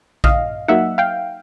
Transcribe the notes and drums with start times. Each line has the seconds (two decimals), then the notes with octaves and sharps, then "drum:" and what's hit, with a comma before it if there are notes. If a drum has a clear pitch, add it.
0.24 D#5 F5, drum: kick A#1
0.68 F#3 A#3 D#4 E5 F#5
0.98 F5 G5